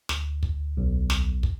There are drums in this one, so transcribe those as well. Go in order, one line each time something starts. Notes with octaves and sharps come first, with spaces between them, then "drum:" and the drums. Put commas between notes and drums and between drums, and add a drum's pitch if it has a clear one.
D2, drum: snare
drum: kick
B1
drum: snare
drum: kick